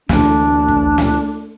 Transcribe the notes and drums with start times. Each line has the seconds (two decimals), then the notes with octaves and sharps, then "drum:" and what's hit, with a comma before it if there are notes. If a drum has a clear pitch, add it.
0.09 D2 D3 E3 D4, drum: snare
0.68 drum: kick
0.98 drum: snare